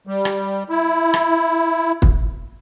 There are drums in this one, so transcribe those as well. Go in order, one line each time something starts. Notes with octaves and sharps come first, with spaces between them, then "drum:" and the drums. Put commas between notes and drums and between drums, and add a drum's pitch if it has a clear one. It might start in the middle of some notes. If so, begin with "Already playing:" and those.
G3
drum: rim click
E4
drum: rim click
drum: kick